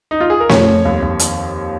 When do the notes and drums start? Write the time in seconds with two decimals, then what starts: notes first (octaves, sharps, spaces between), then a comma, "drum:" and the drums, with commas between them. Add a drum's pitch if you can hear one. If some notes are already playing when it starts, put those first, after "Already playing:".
0.11 D#4
0.20 F4
0.30 G#4
0.40 A#4
0.49 F2 C#5, drum: snare
0.67 F2
0.85 D#2
1.02 D#2
1.19 drum: hi-hat